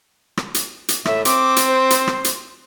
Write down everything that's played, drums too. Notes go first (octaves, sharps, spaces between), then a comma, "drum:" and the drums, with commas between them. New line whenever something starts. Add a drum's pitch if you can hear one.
drum: rim click
drum: hi-hat
drum: hi-hat
A2 E5, drum: rim click
C4 D6, drum: hi-hat
drum: hi-hat
C5
drum: hi-hat
drum: rim click
drum: hi-hat